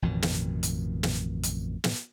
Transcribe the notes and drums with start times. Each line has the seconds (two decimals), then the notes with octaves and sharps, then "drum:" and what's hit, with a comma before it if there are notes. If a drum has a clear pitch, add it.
0.02 A1 F2 B2 D#3
0.22 drum: snare
0.63 drum: hi-hat
1.03 drum: snare
1.43 drum: hi-hat
1.84 drum: snare